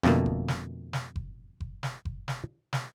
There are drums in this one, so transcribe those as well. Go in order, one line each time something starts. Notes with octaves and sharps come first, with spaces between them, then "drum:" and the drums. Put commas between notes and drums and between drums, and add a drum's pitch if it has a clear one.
F2 B2 D3 A3 A#3, drum: snare
drum: kick F#1
drum: snare
drum: snare
drum: kick F#1
drum: kick F#1
drum: snare
drum: kick F#1
drum: snare
drum: snare